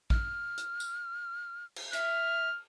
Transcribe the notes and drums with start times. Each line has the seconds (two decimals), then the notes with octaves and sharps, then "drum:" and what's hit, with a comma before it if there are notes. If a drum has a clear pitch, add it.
0.10 F6, drum: kick A1
0.58 drum: hi-hat
0.80 drum: tambourine
1.76 drum: cymbal
1.93 E5 F6, drum: hi-hat